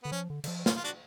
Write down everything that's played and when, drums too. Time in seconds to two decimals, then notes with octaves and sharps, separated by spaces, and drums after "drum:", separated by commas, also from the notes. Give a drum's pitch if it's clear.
0.03 D3 B3
0.11 F3 C#4
0.30 D3
0.44 D3, drum: cymbal
0.48 F3
0.66 C#4 F4, drum: snare
0.77 F4
0.84 D4 F#4